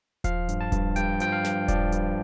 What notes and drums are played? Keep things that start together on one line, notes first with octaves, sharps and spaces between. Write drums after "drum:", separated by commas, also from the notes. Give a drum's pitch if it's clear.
F3 F5, drum: kick D#1, hi-hat
G2, drum: hi-hat
A5
G2, drum: kick D#1, hi-hat
G2 G5, drum: hi-hat
F3 G5, drum: hi-hat
F5
G2, drum: snare
F3 D5, drum: kick D#1, hi-hat
G2, drum: hi-hat